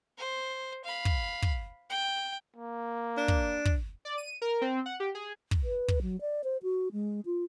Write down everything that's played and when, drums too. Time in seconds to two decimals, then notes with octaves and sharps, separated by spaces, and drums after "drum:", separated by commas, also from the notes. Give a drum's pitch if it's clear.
0.18 C5
0.84 F5 B5
1.05 drum: kick
1.42 drum: kick
1.90 G5
2.56 A#3
3.18 D4
3.28 drum: kick
3.65 drum: kick
4.05 D5
4.18 D#7
4.42 A#4
4.62 C4
4.86 F#5
5.00 G4
5.15 G#4
5.51 drum: kick
5.63 B4
5.88 drum: kick
6.02 F#3
6.21 D5
6.44 C5
6.63 F#4
6.92 G#3
7.25 F4